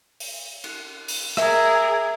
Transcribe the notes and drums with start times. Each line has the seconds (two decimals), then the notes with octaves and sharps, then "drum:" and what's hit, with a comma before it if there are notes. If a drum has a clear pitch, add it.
0.20 drum: open hi-hat
0.64 drum: cymbal
1.08 drum: open hi-hat
1.37 G#4 A#4 E5, drum: rim click